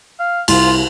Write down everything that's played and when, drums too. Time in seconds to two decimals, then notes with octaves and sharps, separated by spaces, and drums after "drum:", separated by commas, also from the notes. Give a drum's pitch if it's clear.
0.20 F5
0.48 C2 F4, drum: cymbal